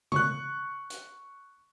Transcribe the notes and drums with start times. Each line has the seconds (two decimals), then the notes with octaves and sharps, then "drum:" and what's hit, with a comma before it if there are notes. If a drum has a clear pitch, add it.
0.12 C#6 F#6, drum: tom C#3
0.90 drum: hi-hat